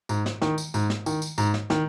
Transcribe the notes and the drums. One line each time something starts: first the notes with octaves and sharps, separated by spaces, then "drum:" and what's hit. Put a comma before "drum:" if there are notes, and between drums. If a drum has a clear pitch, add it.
G#2, drum: tambourine
drum: snare
D#3, drum: snare
drum: tambourine
G#2, drum: tambourine
drum: snare
D#3, drum: tambourine
drum: tambourine
G#2, drum: tambourine
drum: snare
D#3, drum: snare